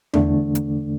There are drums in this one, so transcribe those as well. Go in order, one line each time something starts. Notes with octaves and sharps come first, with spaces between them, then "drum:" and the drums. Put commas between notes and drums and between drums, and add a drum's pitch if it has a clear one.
E2 D3 A3 D4, drum: tom E2
drum: hi-hat